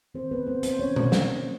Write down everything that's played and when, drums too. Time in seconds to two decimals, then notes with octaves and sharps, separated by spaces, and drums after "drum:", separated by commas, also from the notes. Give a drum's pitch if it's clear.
0.14 D#3 C4 C5
0.31 B3 B4
0.47 G3 A#3 C4 C5
0.63 C4 C5, drum: hi-hat
0.79 D#3 C#4 C#5
0.96 drum: tom B2
1.12 G3 A#3, drum: snare